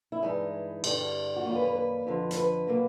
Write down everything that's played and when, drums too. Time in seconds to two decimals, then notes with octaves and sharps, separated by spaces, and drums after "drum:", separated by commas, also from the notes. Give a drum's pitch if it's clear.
0.12 E4
0.23 G2 E3 G#3 D#4
0.84 G2 D3 G3, drum: cymbal
1.36 F#4
1.45 F#2 D#3 G3 A#3 F4
1.55 B4
1.65 B4
1.76 B4
2.07 F2 D3 F3
2.31 C5, drum: hi-hat
2.37 B4
2.67 B2 F#3 A#3